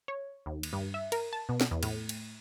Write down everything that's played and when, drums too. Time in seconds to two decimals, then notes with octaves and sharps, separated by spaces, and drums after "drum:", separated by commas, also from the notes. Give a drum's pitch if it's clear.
0.08 C#5
0.46 D#2
0.63 drum: cymbal
0.73 G2
0.94 E5
1.12 A#4, drum: cymbal
1.33 A5
1.49 B2
1.61 drum: snare
1.71 E2
1.83 A2, drum: cymbal
2.09 drum: cymbal